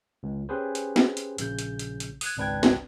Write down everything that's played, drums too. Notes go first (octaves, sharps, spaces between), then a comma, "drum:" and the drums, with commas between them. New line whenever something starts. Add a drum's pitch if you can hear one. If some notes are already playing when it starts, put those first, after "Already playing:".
C#2
C#4 G4 G#4 B4 C5
drum: hi-hat
drum: snare
drum: hi-hat
A#1 C#3 G6, drum: hi-hat
drum: hi-hat
drum: hi-hat
drum: hi-hat
D#6 F#6 G#6, drum: open hi-hat
G#1 C#2 D4 B4 G5 G#6
drum: snare